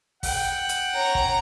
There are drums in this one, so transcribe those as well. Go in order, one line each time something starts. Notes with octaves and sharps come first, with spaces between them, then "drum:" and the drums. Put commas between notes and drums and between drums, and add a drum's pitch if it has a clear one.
F#5 G5, drum: kick, open hi-hat
drum: hi-hat
C#5 A#5
drum: kick